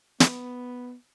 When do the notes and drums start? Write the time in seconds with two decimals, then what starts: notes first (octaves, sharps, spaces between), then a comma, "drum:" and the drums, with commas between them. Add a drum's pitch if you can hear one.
0.20 B3, drum: snare